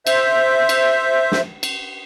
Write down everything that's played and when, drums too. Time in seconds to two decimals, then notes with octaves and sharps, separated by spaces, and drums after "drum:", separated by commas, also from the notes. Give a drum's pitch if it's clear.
0.07 C5 E5, drum: cymbal
0.69 drum: cymbal
1.32 drum: snare
1.63 drum: cymbal